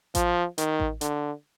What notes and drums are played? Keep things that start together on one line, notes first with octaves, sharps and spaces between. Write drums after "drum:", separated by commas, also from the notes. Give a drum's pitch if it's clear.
F3, drum: kick A1, hi-hat
D#3, drum: hi-hat
drum: kick A1
D3, drum: hi-hat